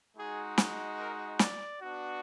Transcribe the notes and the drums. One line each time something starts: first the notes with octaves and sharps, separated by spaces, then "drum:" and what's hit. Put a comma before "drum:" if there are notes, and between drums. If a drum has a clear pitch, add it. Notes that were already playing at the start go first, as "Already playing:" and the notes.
G#3 D#4 F#4 G#4
drum: snare
A#4
D5, drum: snare
B3 D4 F#4